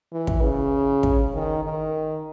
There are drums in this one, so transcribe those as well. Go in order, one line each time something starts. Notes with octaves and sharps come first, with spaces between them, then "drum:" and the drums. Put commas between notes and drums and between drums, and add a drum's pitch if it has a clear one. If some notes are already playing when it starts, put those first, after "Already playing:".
E3
drum: kick
C#3
drum: kick
D#3
D#3